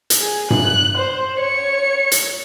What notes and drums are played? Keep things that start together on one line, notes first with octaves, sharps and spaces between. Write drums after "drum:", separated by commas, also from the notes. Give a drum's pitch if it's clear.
drum: hi-hat
G#4
F#6, drum: tom G2
C5
C#5 C#7
drum: hi-hat